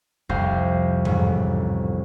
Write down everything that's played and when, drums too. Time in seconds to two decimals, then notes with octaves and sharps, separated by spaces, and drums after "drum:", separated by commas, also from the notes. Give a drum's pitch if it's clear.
0.29 C2 F2 C4 F5 G6 A#6, drum: kick
1.05 A1 G#2, drum: tom F2